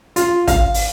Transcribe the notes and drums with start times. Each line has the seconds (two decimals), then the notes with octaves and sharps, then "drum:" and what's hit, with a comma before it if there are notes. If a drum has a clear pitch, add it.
0.16 F4, drum: hi-hat
0.48 F5, drum: kick, hi-hat
0.74 drum: open hi-hat